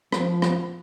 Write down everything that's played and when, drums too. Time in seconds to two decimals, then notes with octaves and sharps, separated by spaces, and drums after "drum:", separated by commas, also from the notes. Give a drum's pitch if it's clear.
0.12 F3, drum: rim click
0.42 drum: rim click